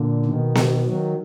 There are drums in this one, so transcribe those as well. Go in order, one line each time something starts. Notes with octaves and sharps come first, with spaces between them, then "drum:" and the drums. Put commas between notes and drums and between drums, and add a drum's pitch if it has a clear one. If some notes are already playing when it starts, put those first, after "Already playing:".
Already playing: A#2 D3
B2 D#3
drum: snare B3
D#3 F#3